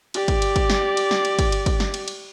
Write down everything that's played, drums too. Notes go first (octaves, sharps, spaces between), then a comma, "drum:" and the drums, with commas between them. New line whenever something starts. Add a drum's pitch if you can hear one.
G4 D5, drum: cymbal
drum: kick, cymbal
drum: cymbal
drum: kick, cymbal
drum: snare
drum: cymbal
drum: snare
drum: cymbal
drum: kick, cymbal
drum: cymbal
drum: kick, cymbal
drum: snare
drum: cymbal
drum: cymbal